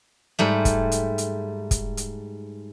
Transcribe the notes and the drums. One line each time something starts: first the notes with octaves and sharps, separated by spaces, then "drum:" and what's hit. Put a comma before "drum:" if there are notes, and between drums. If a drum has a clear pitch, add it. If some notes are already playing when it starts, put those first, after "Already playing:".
G#2 G3 A3
drum: kick, hi-hat
drum: hi-hat
drum: hi-hat
drum: kick, hi-hat
drum: hi-hat